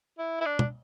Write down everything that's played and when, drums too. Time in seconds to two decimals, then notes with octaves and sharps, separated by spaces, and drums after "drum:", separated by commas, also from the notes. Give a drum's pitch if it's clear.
0.18 E4
0.41 E4
0.46 D4
0.59 drum: tom